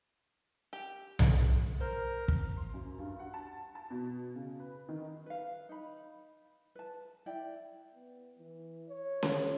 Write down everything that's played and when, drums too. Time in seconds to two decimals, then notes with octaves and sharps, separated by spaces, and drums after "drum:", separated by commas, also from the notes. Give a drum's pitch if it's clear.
0.73 G4
1.19 drum: tom B1
1.81 A#4 C5
2.28 drum: kick
2.56 C6
2.73 F#2
2.99 G2
3.19 F#5
3.34 A5
3.75 A5
3.90 B2
4.36 C#3
4.60 B4
4.89 D#3
5.26 B4 F5
5.69 D#4 B5
6.75 B4 A5
7.26 E4 D5 G5
7.94 B3
8.38 E3
8.89 C#5
9.23 drum: snare C#4